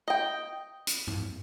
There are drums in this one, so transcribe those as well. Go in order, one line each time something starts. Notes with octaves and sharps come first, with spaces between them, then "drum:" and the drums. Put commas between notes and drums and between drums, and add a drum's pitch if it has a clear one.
D#5 G5
drum: hi-hat
drum: tom G2